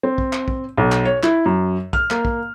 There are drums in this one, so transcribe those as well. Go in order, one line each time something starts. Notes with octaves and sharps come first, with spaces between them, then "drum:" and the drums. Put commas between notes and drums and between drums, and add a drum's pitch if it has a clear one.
C4
drum: kick
drum: clap
drum: kick
B1
drum: clap
C#5
E4, drum: clap
F#2
F6, drum: kick
A#3, drum: clap
drum: kick